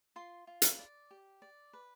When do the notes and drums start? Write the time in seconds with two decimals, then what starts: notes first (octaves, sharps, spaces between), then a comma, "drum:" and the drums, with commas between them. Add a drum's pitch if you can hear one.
0.16 F4 C6
0.47 F4
0.62 drum: hi-hat
0.79 D5
1.11 G4
1.42 D5
1.73 B4